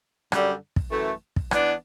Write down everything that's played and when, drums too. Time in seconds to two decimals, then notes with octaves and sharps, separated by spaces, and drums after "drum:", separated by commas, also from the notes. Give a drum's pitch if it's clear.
0.32 F#2 D3 G3, drum: rim click
0.76 drum: kick
0.91 F#2 E3 A3
1.36 drum: kick
1.51 E3 B3 D4, drum: rim click